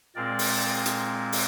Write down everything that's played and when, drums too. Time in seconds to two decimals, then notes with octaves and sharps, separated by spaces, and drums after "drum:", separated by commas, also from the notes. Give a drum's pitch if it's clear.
0.15 A#2 G#3 C4 A#4 D5
0.39 drum: open hi-hat
0.86 drum: hi-hat
1.32 drum: open hi-hat